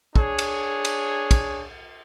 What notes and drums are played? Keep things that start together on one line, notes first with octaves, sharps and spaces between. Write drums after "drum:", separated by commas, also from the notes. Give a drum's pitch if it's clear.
D4 G#4 C#5, drum: kick
drum: cymbal
drum: cymbal
drum: kick, cymbal